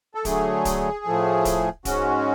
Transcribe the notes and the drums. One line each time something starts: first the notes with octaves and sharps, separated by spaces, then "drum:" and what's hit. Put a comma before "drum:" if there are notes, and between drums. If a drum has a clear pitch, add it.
A4
D3 F#3 A3 G#4, drum: kick D1, hi-hat
drum: kick D1, hi-hat
A2 F3 A3
drum: kick D1, hi-hat
G#2 G#3 C#4 F#4, drum: kick D1, hi-hat